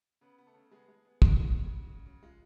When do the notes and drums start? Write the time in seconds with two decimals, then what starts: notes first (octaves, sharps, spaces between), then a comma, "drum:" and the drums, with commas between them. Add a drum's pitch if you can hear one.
0.21 C#3 B3 B4
0.38 B3
0.47 A3 A4
0.55 C#3
0.71 G#3 B3 G#4
0.88 G#3
1.05 B3
1.22 B3 F#4, drum: kick
1.40 G#3
1.55 C#3
1.72 C#3
1.90 C#3
2.06 C#3
2.23 G#3 F4